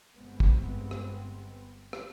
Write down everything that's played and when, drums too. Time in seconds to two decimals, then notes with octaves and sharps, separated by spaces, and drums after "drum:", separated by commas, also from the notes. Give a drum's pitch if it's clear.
0.15 G1 G2 G#3 B3 C4
0.40 drum: kick
0.91 drum: rim click
1.93 drum: rim click